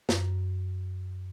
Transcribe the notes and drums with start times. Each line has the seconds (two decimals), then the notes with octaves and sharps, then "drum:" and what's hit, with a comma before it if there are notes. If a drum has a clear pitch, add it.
0.09 F#2, drum: snare